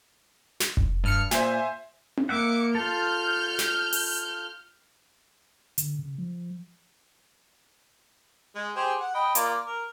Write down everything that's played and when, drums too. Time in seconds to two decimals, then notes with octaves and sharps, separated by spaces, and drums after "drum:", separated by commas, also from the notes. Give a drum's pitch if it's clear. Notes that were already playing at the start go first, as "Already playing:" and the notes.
0.60 drum: snare
0.77 drum: kick F1
1.04 G2 F6 C#7
1.31 A#2 C5 E5 G#5, drum: snare
2.17 drum: tom C4
2.29 A#3 E5 F#5 D6 C#7
2.75 F4 A4 F6 G6
3.59 drum: snare
3.93 drum: open hi-hat
5.78 D3, drum: hi-hat
5.99 C#3
6.18 F3
8.55 G#3
8.76 G4 G#4 C5
9.00 F#5
9.15 D#5 G5 B5
9.35 A#3 F4 D5, drum: hi-hat
9.67 A#4